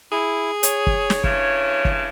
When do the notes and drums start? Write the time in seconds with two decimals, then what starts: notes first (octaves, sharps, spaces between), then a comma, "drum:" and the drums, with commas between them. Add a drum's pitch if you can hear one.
0.12 E4 G#4
0.63 C#5, drum: hi-hat
0.87 drum: kick
1.10 drum: snare
1.24 G2 C#3 E4, drum: kick
1.85 drum: kick